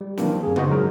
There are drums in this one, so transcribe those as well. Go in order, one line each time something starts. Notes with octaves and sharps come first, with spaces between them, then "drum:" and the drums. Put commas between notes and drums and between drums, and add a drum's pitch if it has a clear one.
G3
D#3 E3 F#3 A#3 C4 D4, drum: snare
F#2 G#4
B3 D#4 F#4 C5 D#5, drum: tom C#3
G#2 C#3 F#3 G#3 A#4